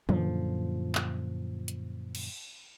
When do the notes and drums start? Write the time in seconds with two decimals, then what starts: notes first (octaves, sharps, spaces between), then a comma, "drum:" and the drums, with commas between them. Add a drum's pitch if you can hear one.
0.09 F#2 A#2 D3 F3, drum: tom
0.95 drum: clap
1.68 drum: hi-hat
2.15 drum: cymbal